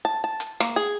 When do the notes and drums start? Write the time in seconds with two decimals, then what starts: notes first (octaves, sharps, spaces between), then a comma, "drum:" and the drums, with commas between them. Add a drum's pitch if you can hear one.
0.05 A5
0.24 A5
0.40 drum: hi-hat
0.60 A#3, drum: rim click
0.76 G#4